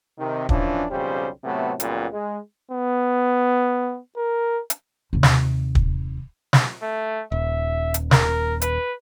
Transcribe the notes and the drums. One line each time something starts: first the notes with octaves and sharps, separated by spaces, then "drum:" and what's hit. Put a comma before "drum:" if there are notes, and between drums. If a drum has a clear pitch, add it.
C3 D#3
E3 F3 C#4 D4, drum: kick
B1 F2 C#3 G3 G4 C5
A2 C3 F#3 A3 B3
C#2 A#2 C#3 F#3 G3 B3, drum: hi-hat
G#3
B3
A#4
drum: hi-hat
D#2 C3
drum: snare
drum: kick
drum: snare
A3
D#1 E5
drum: hi-hat
A#4, drum: snare
B4, drum: hi-hat